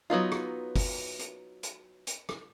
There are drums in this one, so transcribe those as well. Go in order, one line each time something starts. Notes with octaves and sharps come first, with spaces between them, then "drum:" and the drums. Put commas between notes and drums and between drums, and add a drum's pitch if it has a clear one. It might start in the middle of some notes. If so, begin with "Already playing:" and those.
F#3 B3 D#4 F4
drum: rim click
drum: kick, open hi-hat
drum: hi-hat
drum: hi-hat
drum: hi-hat
drum: rim click